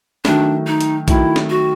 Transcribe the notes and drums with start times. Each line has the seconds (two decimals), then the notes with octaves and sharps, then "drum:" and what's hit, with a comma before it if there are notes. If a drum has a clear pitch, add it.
0.25 D#3 F#3 A3 D4, drum: snare
0.67 D#4
0.81 drum: hi-hat
1.08 D#3 F#3 A3 E4, drum: kick A#1, hi-hat
1.36 drum: snare
1.50 F#4